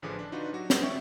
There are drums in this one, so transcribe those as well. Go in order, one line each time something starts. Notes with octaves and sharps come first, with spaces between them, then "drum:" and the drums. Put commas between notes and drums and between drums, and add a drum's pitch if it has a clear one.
A1 D3 F3 G#4 B4 D6
D4
D4 D#4 F4 F#4 B4
F#3 F#4 G4
G3 G#3 B3 C#4 F#4, drum: snare
E5 G5 C#6